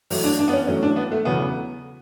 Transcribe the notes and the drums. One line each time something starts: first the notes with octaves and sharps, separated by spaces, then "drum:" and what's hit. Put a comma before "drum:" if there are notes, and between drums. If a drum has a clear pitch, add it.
A2 F#3 A3, drum: open hi-hat
D4
D4
B3
C#4
A2 F#3 A3 C#4
D4
B3
A3
E2 C#3 F#3 A3 B3